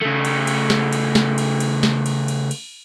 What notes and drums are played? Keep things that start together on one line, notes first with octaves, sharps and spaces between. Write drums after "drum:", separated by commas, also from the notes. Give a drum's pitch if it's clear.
C#3 A3
drum: cymbal
drum: cymbal
drum: snare
drum: cymbal
drum: snare
drum: cymbal
drum: cymbal
drum: snare
drum: cymbal
drum: cymbal
drum: cymbal